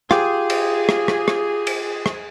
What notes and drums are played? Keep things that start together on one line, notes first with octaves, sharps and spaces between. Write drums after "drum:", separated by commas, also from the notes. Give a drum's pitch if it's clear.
F4 G4 G#4, drum: rim click
drum: cymbal
drum: rim click
drum: rim click
drum: rim click
drum: cymbal
drum: rim click